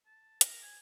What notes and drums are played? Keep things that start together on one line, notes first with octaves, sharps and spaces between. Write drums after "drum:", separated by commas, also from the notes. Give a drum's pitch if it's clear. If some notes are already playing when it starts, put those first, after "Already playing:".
A5
A#4, drum: hi-hat
G#5